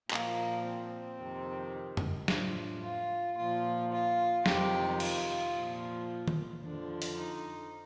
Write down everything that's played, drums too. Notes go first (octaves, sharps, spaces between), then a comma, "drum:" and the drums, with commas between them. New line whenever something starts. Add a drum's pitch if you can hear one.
A#2 F3 A#3, drum: clap
C4
F2 C3 D#3
drum: tom F2
A2 F3 D4, drum: snare
F4
A#2 F3 F4
F4
F2 C3 D#3 G4, drum: snare
F4, drum: cymbal
A#2 F3
drum: tom D#3
F2 D3 F3 D4
drum: open hi-hat
D#4